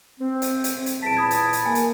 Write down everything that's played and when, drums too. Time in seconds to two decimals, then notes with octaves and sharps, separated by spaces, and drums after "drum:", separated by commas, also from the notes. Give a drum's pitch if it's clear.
0.20 C4
0.42 drum: hi-hat
0.64 drum: hi-hat
0.86 drum: hi-hat
1.03 E2 A#2 A5 B6 D7
1.17 B5 D#6 G#6
1.31 drum: hi-hat
1.53 drum: hi-hat
1.66 A#3 G#5
1.75 drum: hi-hat